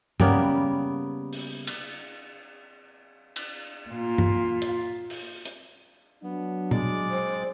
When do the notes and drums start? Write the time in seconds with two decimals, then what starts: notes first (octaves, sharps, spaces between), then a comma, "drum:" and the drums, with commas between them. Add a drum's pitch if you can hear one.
0.20 C#3 G3 A#3 B3, drum: tom G2
1.33 drum: open hi-hat
1.67 drum: cymbal
3.36 drum: cymbal
3.90 A#2 F4
4.18 drum: tom G2
4.62 drum: hi-hat
5.10 drum: open hi-hat
5.45 drum: hi-hat
6.24 F#3 B3 D4
6.71 G#3 D5 D6, drum: tom A#2
7.11 C5